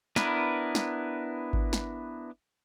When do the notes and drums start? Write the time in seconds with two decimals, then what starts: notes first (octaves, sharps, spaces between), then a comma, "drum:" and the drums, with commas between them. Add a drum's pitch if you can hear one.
0.16 B3 D4 E4 A#4 B4, drum: snare
0.75 drum: snare
1.53 drum: kick G#1
1.73 drum: snare